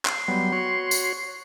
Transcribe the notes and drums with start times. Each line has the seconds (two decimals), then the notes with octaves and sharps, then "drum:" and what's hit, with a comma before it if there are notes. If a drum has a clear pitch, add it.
0.05 C6, drum: clap
0.28 F#3 G3 B3
0.52 F#4 C#5
0.91 drum: tambourine